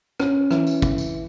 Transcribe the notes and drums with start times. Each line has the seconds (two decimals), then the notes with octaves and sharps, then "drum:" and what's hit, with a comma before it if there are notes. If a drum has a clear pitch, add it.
0.20 C#4, drum: rim click
0.51 E3, drum: rim click
0.67 drum: tambourine
0.82 drum: kick, tambourine
0.98 drum: tambourine